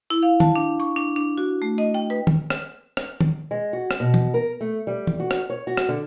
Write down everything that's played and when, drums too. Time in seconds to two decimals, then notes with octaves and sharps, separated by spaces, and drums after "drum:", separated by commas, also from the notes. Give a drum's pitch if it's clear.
0.10 E4
0.23 F5
0.40 A5, drum: tom D#3
0.56 D4
0.80 C#6
0.96 D4
1.16 D4
1.37 F#4
1.62 A3
1.78 D#5
1.94 G5
2.10 B4
2.27 drum: tom D#3
2.50 drum: rim click
2.97 drum: rim click
3.20 drum: tom D#3
3.51 G#3
3.73 F#4
3.91 drum: rim click
4.00 B2
4.14 drum: tom E3
4.34 A#4
4.61 A3
4.87 G3
5.07 drum: tom E3
5.20 F#4
5.31 drum: rim click
5.50 C#5
5.67 F#4
5.77 drum: rim click
5.89 D3